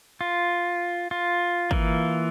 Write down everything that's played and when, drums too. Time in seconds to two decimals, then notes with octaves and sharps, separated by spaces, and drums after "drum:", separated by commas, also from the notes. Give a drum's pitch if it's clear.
0.21 F4
1.11 F4
1.71 E3 A#3, drum: kick